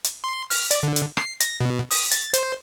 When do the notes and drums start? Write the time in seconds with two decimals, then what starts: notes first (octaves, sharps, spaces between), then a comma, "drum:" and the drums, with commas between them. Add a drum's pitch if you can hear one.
0.04 drum: hi-hat
0.24 C6
0.50 F6, drum: open hi-hat
0.71 D5, drum: hi-hat
0.83 D3
0.96 drum: hi-hat
1.17 C7, drum: rim click
1.40 A#6, drum: hi-hat
1.60 B2
1.91 D#6, drum: open hi-hat
2.11 A6, drum: hi-hat
2.33 C5, drum: hi-hat